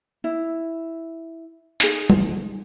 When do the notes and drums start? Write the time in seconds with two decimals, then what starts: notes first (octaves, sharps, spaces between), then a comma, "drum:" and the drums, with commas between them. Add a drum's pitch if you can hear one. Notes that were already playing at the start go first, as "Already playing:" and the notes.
0.24 E4
1.80 D#4 G#4, drum: hi-hat
2.10 drum: tom